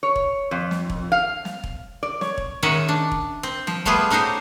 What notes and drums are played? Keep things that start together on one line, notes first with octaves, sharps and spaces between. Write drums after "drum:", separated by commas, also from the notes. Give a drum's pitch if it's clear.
C#5
drum: kick
F2
drum: snare
drum: kick
F5
drum: snare
drum: kick
D5
C#5, drum: snare
drum: kick
D#3 G#3 C#4 E5 F#5
D4
drum: kick
C4
F3, drum: snare
G3 A3 B3 F4 G#4, drum: kick
C#4 D#4 F#4 G4 C5